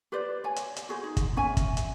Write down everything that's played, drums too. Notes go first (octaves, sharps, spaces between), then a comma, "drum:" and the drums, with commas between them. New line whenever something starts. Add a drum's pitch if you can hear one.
G4 B4 C5 D5
C#5 G#5
drum: hi-hat
drum: hi-hat
F#4 G#4 C5
D#4
drum: kick, hi-hat
C#4 E5 G#5
drum: kick, hi-hat
drum: hi-hat